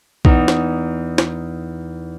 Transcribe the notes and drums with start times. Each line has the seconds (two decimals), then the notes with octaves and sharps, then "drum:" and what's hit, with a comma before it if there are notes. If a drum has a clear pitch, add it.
0.25 E2 D#4, drum: kick B1
0.48 drum: snare
1.18 drum: snare